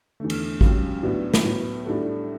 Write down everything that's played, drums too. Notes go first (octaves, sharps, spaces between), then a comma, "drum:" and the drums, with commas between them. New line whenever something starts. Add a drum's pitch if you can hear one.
E2 D3 A3
drum: cymbal
C#2 C#3 F#3 C#4 G4, drum: kick
A2 F#3 B3 D4 F#4
drum: snare
A2 F#3 B3
A2 G3 D4 F#4 A4